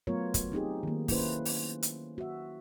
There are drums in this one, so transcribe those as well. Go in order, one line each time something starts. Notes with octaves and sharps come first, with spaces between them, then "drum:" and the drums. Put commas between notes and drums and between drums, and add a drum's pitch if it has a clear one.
F#3 A3 B3 F4 A#4 C#5
drum: kick, hi-hat
C4 D#4 G4 G#4
D#3 A#3
A#3 C#4 E4 B4 C5, drum: kick, open hi-hat
drum: open hi-hat
drum: hi-hat
F#4 E5